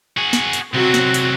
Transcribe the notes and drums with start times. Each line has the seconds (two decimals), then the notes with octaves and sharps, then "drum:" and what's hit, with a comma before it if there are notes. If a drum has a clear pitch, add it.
0.17 F#4 G#4
0.33 drum: snare
0.53 drum: hi-hat
0.74 C2 F#3 C4 F#4
0.94 drum: snare
1.14 drum: hi-hat